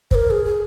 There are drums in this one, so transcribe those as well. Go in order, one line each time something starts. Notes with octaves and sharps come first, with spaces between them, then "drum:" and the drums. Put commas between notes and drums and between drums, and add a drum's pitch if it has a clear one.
C5, drum: kick
A#4
G#4
G#4